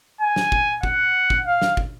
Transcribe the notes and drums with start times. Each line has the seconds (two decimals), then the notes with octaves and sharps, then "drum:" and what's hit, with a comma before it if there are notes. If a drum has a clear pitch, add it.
0.21 G#5
0.36 drum: snare
0.52 drum: kick
0.83 F#5, drum: kick
1.30 drum: kick
1.46 F5
1.62 drum: snare
1.77 drum: kick